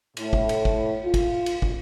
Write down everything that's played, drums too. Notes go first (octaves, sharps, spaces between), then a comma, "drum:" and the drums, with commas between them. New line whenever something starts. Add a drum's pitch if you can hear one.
A2, drum: cymbal
drum: kick
drum: cymbal
drum: kick
F4
drum: kick, cymbal
drum: cymbal
drum: kick